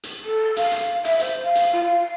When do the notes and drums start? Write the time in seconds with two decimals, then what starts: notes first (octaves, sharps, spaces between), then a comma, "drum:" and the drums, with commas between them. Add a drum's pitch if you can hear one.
0.04 drum: hi-hat
0.24 A4
0.57 F5, drum: hi-hat
0.71 drum: hi-hat
1.05 E5, drum: hi-hat
1.19 C5, drum: hi-hat
1.43 F5
1.55 drum: hi-hat
1.73 F4
1.84 F5